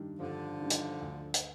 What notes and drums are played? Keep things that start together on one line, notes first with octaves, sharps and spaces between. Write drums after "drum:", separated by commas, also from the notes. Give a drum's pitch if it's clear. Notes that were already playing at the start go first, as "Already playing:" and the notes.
Already playing: G2 D#3 G3 D4
G2 D3 F3
D#3 G3 D4
drum: hi-hat
D2
drum: hi-hat